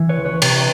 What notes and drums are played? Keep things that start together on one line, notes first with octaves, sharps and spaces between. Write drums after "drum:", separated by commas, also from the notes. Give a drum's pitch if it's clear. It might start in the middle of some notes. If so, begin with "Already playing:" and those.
Already playing: E3
B4 C#5
C#2
B4 C#5
C3 B4 C#5, drum: cymbal